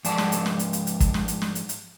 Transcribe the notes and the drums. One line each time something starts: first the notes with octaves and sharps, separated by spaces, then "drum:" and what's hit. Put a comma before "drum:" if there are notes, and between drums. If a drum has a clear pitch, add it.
G#2 F3 D5 A5, drum: hi-hat
drum: snare
drum: hi-hat
drum: snare
drum: hi-hat
drum: hi-hat
drum: hi-hat
drum: kick, hi-hat
drum: snare
drum: hi-hat
drum: snare
drum: hi-hat
drum: hi-hat